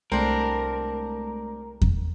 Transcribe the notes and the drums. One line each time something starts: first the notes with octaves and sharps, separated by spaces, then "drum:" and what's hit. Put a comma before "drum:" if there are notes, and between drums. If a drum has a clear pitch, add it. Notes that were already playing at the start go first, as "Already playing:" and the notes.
C2 G#3 A3 C4 D4 A#4
drum: kick E2